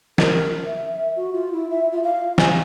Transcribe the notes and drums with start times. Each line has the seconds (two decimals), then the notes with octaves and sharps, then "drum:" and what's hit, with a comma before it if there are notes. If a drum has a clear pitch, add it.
0.18 A#4, drum: snare
0.66 E5
0.94 E5
1.16 F#4
1.33 F4
1.53 E4
1.71 E5
1.92 F4
2.04 F5
2.38 G#5, drum: snare